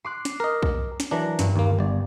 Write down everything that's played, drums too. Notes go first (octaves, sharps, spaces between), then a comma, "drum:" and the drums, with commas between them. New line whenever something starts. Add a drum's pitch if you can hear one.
C6 D6 F#6
drum: snare
A#4 D#5
drum: kick B1
drum: snare
E3 F#3 D4 A#4
G2, drum: snare
D#2 A#3
G1 D5